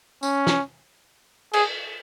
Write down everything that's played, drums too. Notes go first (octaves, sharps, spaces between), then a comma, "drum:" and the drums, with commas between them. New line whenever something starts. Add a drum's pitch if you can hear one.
C#4, drum: tambourine
drum: snare
G#4, drum: cymbal